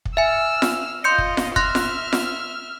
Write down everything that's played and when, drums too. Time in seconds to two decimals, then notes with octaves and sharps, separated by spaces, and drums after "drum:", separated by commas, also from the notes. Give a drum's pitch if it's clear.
0.05 drum: kick
0.17 E5 G#5 E6 F6
0.62 drum: snare F4
1.04 F4 D#5 C6 G6 C#7
1.18 drum: kick
1.37 drum: snare F4
1.56 E5 C6 F6 F#6 A#6, drum: kick
1.75 drum: snare F4
2.13 drum: snare F4